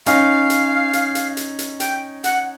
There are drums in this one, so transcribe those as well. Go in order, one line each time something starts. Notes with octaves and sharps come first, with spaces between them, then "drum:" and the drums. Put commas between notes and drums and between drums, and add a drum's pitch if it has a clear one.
C#4 D#4 F5, drum: hi-hat
drum: hi-hat
drum: hi-hat
drum: hi-hat
drum: hi-hat
drum: hi-hat
G5, drum: hi-hat
F#5, drum: hi-hat